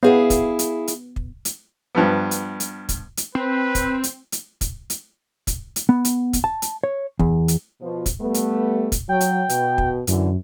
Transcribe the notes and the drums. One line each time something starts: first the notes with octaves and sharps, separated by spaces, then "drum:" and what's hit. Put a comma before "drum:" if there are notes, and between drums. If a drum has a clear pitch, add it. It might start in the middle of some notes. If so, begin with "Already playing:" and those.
B3 E4 G#4 F5
drum: kick, hi-hat
drum: hi-hat
drum: hi-hat
drum: kick
drum: hi-hat
G2 F3 B3
drum: hi-hat
drum: hi-hat
drum: kick, hi-hat
drum: hi-hat
C4 B4
drum: kick, hi-hat
drum: hi-hat
drum: hi-hat
drum: kick, hi-hat
drum: hi-hat
drum: kick, hi-hat
drum: hi-hat
B3
drum: hi-hat
drum: kick, hi-hat
A5
drum: hi-hat
C#5
E2, drum: kick
drum: hi-hat
B2 F3
drum: kick, hi-hat
G3 A3 B3
drum: hi-hat
drum: kick, hi-hat
F#3 G5
drum: hi-hat
B2, drum: hi-hat
drum: kick
F#2 D3 E3, drum: hi-hat